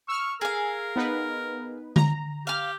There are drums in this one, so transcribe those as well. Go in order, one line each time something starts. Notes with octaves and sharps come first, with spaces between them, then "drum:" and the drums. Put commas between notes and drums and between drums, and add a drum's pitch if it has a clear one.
C#6 E6 F6
G#4 A#4 F5
B3 D#4 B4
A#5, drum: tom D3
G4 F5 F6